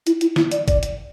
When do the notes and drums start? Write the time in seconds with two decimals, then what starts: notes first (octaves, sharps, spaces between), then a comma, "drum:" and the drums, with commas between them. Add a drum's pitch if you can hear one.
0.07 E4, drum: hi-hat
0.21 E4, drum: hi-hat
0.36 E4, drum: snare
0.51 D5, drum: hi-hat
0.68 D5, drum: kick G#1, hi-hat
0.83 drum: hi-hat